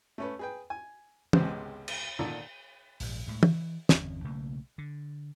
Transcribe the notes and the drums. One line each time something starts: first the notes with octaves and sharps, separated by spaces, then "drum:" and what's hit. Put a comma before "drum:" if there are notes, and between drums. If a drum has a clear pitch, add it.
A3 C#4 B4
G#4 B4 G5
G#5
G#1 C#2 C3 G#3 B3 C5, drum: tom
drum: cymbal
A#2 D3 D#3 D4 A4
A#1 G#2, drum: open hi-hat
D2 A2 G#3
E3, drum: tom
G1 E2 C4 C#4, drum: snare
B1 C#3 A3 A#3
D3